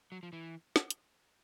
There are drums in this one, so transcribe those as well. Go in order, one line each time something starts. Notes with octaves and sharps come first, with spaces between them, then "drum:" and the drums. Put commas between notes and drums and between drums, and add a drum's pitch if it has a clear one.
F#3
F3
E3
drum: snare
drum: hi-hat